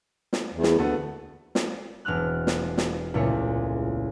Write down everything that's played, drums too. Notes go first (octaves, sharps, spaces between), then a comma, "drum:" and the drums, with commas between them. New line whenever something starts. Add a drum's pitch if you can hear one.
drum: snare
E2
drum: snare
D2 A3 B3 A4
drum: snare
E1 C4 F6 F#6
drum: snare
drum: snare
C#2 A#2 G#3 A3 E4 C#5